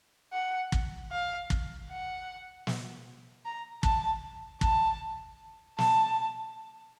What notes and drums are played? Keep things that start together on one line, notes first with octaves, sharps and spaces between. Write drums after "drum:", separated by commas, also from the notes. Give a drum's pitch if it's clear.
F#5
drum: kick
F5
drum: kick
F#5
drum: snare
A#5
A5, drum: kick
A5, drum: kick
A5, drum: snare